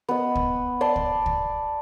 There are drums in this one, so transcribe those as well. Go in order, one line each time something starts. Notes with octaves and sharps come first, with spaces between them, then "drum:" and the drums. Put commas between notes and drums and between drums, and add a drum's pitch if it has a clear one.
B3 D#5
drum: kick
D5 A5 C6
drum: kick
drum: kick